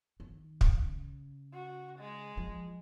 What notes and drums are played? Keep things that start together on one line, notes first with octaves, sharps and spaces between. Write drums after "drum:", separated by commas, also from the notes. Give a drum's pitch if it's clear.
D#3
drum: kick
C#3
F#4
G#3
F3